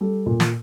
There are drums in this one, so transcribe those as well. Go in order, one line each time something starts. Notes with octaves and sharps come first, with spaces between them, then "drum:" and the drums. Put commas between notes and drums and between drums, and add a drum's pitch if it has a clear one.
G3 A4
A#2
drum: snare